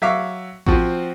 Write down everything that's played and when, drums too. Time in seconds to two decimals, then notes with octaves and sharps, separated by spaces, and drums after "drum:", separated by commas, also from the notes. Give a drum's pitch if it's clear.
0.02 F#3 E5 F5 D6
0.66 F3 C4 F#4, drum: kick A1